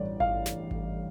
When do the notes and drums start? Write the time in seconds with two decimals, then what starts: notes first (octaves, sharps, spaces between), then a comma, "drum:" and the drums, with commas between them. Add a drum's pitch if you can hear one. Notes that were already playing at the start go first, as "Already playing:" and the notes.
Already playing: A1 G2 D5
0.20 F5, drum: kick G#1
0.46 drum: snare
0.71 drum: kick G#1